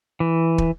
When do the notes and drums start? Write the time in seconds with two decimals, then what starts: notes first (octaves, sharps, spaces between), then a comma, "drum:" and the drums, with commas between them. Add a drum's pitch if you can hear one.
0.20 E3
0.58 drum: kick